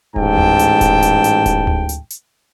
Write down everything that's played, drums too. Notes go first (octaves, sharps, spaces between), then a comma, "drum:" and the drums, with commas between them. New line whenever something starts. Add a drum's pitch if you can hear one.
A1 G#2 G5 A5, drum: kick D#1
drum: tom D2
drum: hi-hat
drum: kick D#1, hi-hat
drum: hi-hat
drum: hi-hat
drum: kick D#1, hi-hat
drum: tom D2
drum: hi-hat
drum: hi-hat